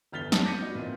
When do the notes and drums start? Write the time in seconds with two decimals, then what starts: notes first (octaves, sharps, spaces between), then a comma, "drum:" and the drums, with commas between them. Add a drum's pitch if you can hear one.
0.12 G1 E2 F6 A6 B6 G7
0.32 A5 D#6, drum: snare
0.45 D6 G6 A#6 B6 C#7 D#7
0.59 B3 D4 D#4 F#4
0.75 A#2 E3 A#3 C4